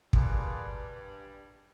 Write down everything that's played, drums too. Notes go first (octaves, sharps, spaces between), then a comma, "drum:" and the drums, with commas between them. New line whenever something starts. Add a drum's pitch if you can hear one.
G2 G3 A#3 D4 F4 G#4 B4, drum: kick